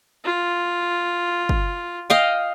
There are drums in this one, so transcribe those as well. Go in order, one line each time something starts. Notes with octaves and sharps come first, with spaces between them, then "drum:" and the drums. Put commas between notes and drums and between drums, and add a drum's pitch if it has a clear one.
F4
drum: kick
D#5 F5 G5